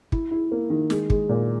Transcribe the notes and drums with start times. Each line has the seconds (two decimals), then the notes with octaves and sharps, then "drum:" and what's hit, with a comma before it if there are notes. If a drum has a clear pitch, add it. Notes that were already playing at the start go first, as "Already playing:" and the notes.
0.12 E4, drum: kick
0.31 E4
0.51 A#3
0.70 D#3
0.90 G#3, drum: snare
1.10 G#3, drum: kick
1.29 A#2